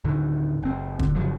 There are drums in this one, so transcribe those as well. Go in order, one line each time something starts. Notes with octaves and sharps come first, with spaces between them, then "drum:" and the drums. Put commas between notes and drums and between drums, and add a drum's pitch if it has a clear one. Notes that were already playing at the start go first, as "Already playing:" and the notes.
D2 A2 D3 D#3
F#1 C4
D3, drum: kick
F#2 C#3 F3 F#3